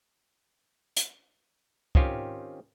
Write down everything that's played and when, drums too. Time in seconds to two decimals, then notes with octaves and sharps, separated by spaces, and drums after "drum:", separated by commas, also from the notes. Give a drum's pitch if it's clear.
0.97 drum: hi-hat
1.95 D#3 C4 C#4 F4 G4, drum: kick